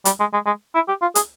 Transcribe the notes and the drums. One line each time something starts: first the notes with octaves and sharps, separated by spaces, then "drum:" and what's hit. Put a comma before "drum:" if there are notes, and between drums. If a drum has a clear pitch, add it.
G3, drum: hi-hat
G#3
G#3
G#3
E4
G4
F4
G#4, drum: hi-hat